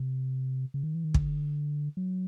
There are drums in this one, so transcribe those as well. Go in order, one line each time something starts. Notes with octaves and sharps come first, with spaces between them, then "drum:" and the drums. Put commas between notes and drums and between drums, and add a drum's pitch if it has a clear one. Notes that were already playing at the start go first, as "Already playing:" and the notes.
Already playing: C3
C#3
D#3
E3
D#3
D3, drum: kick
F#3